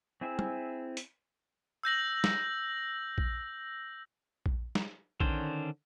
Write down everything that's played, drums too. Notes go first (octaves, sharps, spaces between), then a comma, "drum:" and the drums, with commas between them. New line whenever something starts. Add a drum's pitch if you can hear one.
C4 E4 G#4 E5
drum: tom
drum: hi-hat
E6 G6 A#6 F#7
drum: snare
drum: kick A#1
drum: kick A#1
drum: snare
D3 D#3 C#4 D4 C5, drum: kick A#1